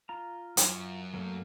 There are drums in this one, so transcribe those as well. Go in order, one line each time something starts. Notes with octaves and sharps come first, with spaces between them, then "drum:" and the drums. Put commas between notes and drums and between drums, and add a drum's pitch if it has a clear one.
F4 A#5
F#2, drum: hi-hat
F#3 A3 A#3